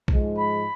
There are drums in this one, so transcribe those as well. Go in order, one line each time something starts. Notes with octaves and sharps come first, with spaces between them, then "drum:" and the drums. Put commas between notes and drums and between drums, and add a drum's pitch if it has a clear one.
G#2 F3 G#3, drum: kick A#1
B5